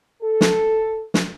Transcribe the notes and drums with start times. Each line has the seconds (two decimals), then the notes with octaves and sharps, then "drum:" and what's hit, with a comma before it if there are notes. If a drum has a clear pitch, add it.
0.22 A4
0.41 drum: snare
1.14 drum: snare